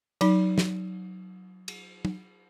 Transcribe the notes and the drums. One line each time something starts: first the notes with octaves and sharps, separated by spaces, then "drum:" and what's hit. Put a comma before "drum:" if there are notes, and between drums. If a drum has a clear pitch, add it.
F#3 D#4, drum: cymbal
drum: snare
drum: cymbal
drum: tom